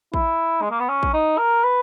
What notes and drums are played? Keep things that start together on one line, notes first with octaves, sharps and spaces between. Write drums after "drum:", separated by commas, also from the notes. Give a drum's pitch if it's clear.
E4, drum: kick
G#3
A#3
B3
C#4
drum: kick
D#4
A#4
B4